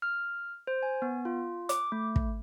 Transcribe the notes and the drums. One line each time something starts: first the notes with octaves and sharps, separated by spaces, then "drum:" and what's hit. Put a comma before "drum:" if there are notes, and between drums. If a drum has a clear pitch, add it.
F6
C5
G#5
B3
F4
D6, drum: hi-hat
A3
drum: kick